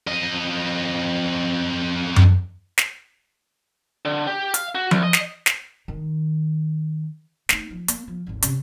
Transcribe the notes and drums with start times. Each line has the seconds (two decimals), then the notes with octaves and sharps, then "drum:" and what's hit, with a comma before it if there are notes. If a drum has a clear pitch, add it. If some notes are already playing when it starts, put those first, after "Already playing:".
0.07 F2 D#5
2.16 drum: tom F#2
2.78 drum: snare
4.05 D3
4.27 G4
4.54 F5, drum: hi-hat
4.75 F#4
4.91 C2, drum: tom F3
5.03 D#5
5.13 drum: snare
5.46 drum: snare
5.88 D#3
7.49 A3 D#4, drum: snare
7.71 F3
7.88 A#3, drum: hi-hat
8.08 F3
8.27 G#1 D2
8.42 C3 C#4, drum: hi-hat